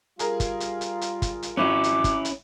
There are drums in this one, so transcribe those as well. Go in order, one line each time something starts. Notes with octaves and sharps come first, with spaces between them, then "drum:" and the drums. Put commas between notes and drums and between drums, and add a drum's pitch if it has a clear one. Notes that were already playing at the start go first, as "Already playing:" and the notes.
G3 F4 G#4 A#4, drum: hi-hat
drum: kick, hi-hat
drum: hi-hat
drum: hi-hat
drum: hi-hat
drum: kick, hi-hat
drum: hi-hat
G#1 F#3 C#4 E4 D6
drum: hi-hat
drum: kick, hi-hat
drum: hi-hat